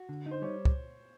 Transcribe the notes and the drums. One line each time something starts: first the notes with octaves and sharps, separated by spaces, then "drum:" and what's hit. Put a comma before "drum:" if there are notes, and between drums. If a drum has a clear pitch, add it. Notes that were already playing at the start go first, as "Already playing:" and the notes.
Already playing: F#4
D3
D#4
C5
G3 C#5
drum: kick